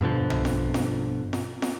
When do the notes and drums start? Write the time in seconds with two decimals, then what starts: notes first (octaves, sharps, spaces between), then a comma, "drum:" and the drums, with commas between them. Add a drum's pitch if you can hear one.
0.01 G2 B2 D3 F3
0.30 drum: tom B1
0.45 drum: snare
0.74 drum: snare
1.33 drum: snare
1.62 drum: snare